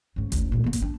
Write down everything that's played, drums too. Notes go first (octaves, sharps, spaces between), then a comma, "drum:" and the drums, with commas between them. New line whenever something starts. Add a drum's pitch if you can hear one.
G#2 C#3
F#1 D2, drum: kick G#1, hi-hat
A#2 G#3
A#3 B3
drum: kick G#1, hi-hat
D4